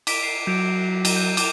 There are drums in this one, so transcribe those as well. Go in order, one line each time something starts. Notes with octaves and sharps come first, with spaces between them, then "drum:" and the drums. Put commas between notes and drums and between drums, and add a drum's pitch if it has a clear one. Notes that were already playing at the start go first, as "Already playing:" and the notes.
D6 B6 D7, drum: cymbal
C7
F#3 G6 B6 D7
drum: cymbal
G6
D6, drum: cymbal